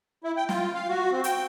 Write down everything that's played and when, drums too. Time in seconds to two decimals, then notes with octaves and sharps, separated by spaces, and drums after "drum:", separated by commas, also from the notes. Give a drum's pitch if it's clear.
0.24 E4
0.37 G5
0.49 F4, drum: snare
0.74 F5
0.89 F#4
1.12 C4
1.24 G5, drum: hi-hat